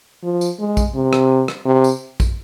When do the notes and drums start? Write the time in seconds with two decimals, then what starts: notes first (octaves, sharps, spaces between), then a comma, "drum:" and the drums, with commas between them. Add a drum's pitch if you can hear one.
0.24 F3
0.41 drum: tambourine
0.59 G#3
0.77 drum: kick, tambourine
0.95 C3
1.13 drum: rim click
1.48 drum: rim click
1.66 C3
1.84 drum: tambourine
2.20 drum: kick, tambourine